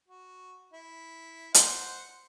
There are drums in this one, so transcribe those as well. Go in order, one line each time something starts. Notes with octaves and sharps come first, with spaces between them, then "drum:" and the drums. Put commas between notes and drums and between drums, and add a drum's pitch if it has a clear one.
F#4
E4
C5 F#5, drum: hi-hat